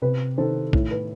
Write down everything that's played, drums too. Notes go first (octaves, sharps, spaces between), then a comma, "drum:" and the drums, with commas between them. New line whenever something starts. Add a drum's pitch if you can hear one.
C3 B4
D#3 A4 C5
A2, drum: kick
B4